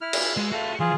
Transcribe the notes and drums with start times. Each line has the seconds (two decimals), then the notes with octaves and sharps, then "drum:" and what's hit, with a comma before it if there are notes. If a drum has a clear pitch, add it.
0.01 E4 F6
0.13 drum: cymbal
0.37 G#3
0.52 A3 F#4 F5
0.80 E3 F3 F4 G#4